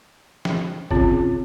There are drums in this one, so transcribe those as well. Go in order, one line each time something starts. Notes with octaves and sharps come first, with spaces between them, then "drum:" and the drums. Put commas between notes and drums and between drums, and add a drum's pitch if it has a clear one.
drum: snare
C#3 C4 F4, drum: kick